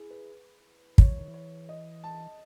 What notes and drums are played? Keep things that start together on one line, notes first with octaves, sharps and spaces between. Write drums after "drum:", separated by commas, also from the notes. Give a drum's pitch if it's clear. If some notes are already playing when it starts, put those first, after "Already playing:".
Already playing: E4 G#4
B4
C#5, drum: kick
E3
D#3
E3
C#5
D#5
A5